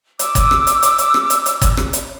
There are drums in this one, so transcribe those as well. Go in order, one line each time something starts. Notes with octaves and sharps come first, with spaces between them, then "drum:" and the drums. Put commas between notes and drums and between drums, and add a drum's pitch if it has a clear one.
D6 E6, drum: hi-hat
drum: kick, hi-hat
drum: rim click
drum: hi-hat
drum: hi-hat
drum: hi-hat
drum: rim click
drum: hi-hat
drum: hi-hat
drum: kick, hi-hat
drum: rim click
drum: hi-hat